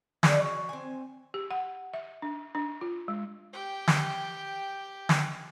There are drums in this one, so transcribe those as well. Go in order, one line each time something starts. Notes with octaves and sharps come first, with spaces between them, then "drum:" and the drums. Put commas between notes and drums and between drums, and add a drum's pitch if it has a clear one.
D#4 G#4 D5, drum: snare
F#3
C4 G#5
G4
F#5
E5
D4
D4
F4
G#3
G4 G5
drum: snare
drum: snare